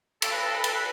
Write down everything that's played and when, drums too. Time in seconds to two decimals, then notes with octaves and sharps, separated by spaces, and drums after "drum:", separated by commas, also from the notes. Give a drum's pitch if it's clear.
0.22 A4, drum: cymbal
0.32 B4
0.42 A4
0.54 B4
0.64 A4, drum: cymbal
0.74 B4